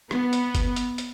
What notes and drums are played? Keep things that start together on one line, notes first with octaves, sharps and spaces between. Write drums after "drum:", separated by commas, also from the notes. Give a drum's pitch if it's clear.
B3, drum: rim click
drum: hi-hat
drum: kick, hi-hat
drum: hi-hat
drum: hi-hat